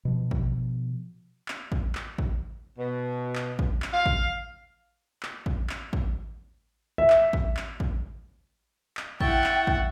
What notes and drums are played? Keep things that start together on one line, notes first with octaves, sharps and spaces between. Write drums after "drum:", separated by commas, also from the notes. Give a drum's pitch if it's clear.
B2 F3
drum: kick
drum: clap
drum: kick
drum: clap
drum: kick
B2
drum: clap
drum: kick
drum: clap
F5
drum: kick
drum: clap
drum: kick
drum: clap
drum: kick
E5
drum: clap
drum: kick
drum: clap
drum: kick
drum: clap
E4 E5 F#5 G5 C#6 A6, drum: kick
drum: clap
drum: kick